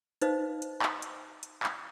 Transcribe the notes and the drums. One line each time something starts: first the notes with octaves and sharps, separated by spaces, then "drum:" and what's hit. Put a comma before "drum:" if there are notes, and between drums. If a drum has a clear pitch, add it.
D#4 B4 C5 D#5 F5, drum: hi-hat
drum: hi-hat
drum: clap
drum: hi-hat
drum: hi-hat
drum: clap